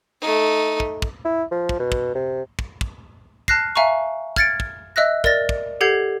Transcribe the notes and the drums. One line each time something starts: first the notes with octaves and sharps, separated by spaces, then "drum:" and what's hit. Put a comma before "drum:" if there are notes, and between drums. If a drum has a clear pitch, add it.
A3 D#4
drum: kick
drum: kick
E4
F3
drum: kick
B2
drum: kick
C3
drum: kick
drum: kick
A5 F6 F#6 A#6 C7, drum: kick
E5 F5 G#5 A#5 C#6
F6 G#6 A6 C#7 D7, drum: kick
drum: kick
D#5 E5 E6 F#6 A#6
A#4 D5 A6 A#6, drum: kick
drum: kick
G4 A4 F#5 G6 G#6 C7